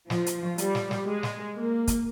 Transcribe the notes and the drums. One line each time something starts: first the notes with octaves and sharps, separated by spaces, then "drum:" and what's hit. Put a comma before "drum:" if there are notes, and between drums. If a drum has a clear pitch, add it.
F3, drum: snare
drum: hi-hat
G3, drum: hi-hat
drum: snare
drum: snare
G#3
drum: snare
A#3
drum: kick, hi-hat